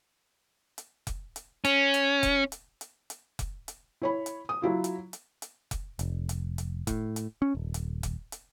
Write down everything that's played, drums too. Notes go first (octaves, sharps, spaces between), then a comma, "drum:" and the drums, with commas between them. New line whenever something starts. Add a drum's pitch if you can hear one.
drum: hi-hat
drum: kick F1, hi-hat
drum: hi-hat
C#4, drum: hi-hat
drum: hi-hat
drum: kick F1, hi-hat
drum: hi-hat
drum: hi-hat
drum: hi-hat
drum: kick F1, hi-hat
drum: hi-hat
E4 C#5 B5
drum: hi-hat
D#6
F#3 E4 F4
drum: hi-hat
drum: hi-hat
drum: hi-hat
drum: kick F1, hi-hat
F1, drum: hi-hat
drum: hi-hat
drum: hi-hat
A2, drum: kick F1, hi-hat
drum: hi-hat
C#4
D#1
drum: hi-hat
drum: kick F1, hi-hat
drum: hi-hat